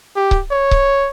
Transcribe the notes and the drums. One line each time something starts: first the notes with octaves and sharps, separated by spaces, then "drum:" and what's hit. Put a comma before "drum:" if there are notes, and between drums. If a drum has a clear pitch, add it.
G4
drum: kick C#1
C#5
drum: kick C#1